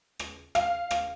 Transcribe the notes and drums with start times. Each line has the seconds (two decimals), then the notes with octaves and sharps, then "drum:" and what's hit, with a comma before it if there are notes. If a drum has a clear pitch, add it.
0.19 drum: rim click
0.55 F5, drum: rim click
0.91 drum: rim click